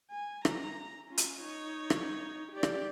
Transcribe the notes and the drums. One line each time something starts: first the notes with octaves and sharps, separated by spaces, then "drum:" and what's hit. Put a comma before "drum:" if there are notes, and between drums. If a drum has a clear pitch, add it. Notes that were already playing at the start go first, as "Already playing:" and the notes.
G#5
A#5, drum: rim click
C#4 F4
drum: hi-hat
D#4 C#5
drum: rim click
G4 D5
drum: rim click